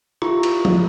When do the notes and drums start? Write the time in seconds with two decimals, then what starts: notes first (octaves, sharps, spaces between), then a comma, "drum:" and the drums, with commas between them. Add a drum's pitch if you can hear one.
0.22 E4 F4 G4 A#5 C#6 E6, drum: rim click
0.43 drum: cymbal
0.65 drum: tom